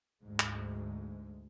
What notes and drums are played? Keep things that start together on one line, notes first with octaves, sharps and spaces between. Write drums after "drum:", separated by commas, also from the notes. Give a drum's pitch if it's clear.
D2 G#2 G#3
drum: clap